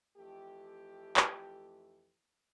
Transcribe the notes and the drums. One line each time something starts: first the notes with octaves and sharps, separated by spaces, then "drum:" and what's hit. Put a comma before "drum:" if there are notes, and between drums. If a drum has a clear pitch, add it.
F2 E3 A3 G4
drum: clap